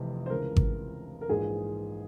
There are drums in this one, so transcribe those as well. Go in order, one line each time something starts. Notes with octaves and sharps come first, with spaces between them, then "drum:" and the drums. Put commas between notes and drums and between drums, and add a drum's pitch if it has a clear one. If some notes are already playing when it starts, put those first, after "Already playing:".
Already playing: F1 F2 C3 E3
C5
C#2 C#3 E3 A#4
drum: kick G#1
A#4
A#1 G#2 E3 G#4